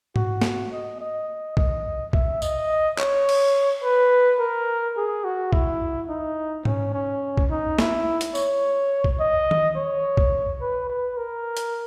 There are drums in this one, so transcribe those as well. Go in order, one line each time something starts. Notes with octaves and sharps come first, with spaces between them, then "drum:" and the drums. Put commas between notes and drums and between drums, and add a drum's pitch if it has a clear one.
F#4, drum: tom G#2
drum: snare
D#5
D#5
D#5, drum: kick B1
E5, drum: kick B1
D#5, drum: tambourine
C#5, drum: clap
drum: cymbal
B4
A#4
G#4
F#4
E4, drum: kick B1
D#4
C#4, drum: tom G#2
C#4
drum: kick B1
D#4
E4, drum: snare
drum: hi-hat
C#5, drum: tambourine
drum: kick B1
D#5
drum: tom D#3
C#5
drum: kick B1
B4
B4
A#4
drum: hi-hat